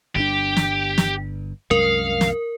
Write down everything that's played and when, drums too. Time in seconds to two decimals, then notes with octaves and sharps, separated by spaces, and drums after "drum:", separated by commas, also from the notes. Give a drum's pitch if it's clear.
0.16 G1 G2 D4 G4
0.57 drum: snare
0.98 drum: snare
1.71 C2 F#2 G#3 A#4 F5
2.21 drum: snare